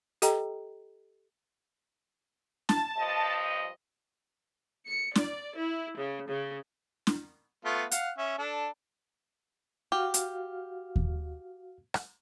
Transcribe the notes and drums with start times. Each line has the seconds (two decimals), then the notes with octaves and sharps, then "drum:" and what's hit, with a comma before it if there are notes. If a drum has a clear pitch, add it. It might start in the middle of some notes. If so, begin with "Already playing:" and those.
0.22 G4 A4 D#5 G5 A#5, drum: hi-hat
2.69 A5, drum: snare
2.97 G2 F3 D#5
4.86 C#7
5.15 D5, drum: snare
5.57 E4
5.97 C#3
6.28 C#3
7.07 drum: snare
7.65 A3 B3 F4
7.91 F5 F#5, drum: hi-hat
8.18 C#4 E5
8.38 D4 A4
9.92 F#4 G4 F5 F6
10.14 drum: hi-hat
10.96 drum: kick D#2
11.94 drum: rim click